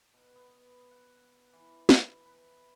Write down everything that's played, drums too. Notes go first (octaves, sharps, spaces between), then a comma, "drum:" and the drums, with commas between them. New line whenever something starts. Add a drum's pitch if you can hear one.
B2
B3
F#5
E3
drum: snare
B4